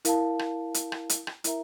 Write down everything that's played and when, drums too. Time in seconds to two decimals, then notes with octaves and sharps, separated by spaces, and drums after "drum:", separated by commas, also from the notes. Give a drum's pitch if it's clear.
0.05 E4 A#4 F5 A5, drum: hi-hat
0.39 drum: rim click
0.74 drum: hi-hat
0.92 drum: rim click
1.09 drum: hi-hat
1.27 drum: rim click
1.44 E4 A#4 E5 A#5, drum: hi-hat